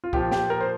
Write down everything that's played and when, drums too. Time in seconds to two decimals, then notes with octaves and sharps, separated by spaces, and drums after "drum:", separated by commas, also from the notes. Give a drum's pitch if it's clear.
0.04 F4
0.13 A#2 F3 G4, drum: kick C2
0.31 G4, drum: snare
0.50 A#4
0.61 C5